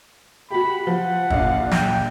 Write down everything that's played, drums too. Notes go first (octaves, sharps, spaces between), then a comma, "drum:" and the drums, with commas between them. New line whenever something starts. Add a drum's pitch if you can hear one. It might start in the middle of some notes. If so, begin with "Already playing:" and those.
F#4 G4 B5
F3 F#5
A#1 D4 F5, drum: kick
G5, drum: snare